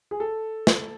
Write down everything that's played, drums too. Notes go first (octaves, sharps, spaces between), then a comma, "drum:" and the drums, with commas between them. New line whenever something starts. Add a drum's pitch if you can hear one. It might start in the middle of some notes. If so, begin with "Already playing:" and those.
G#4
A4
drum: snare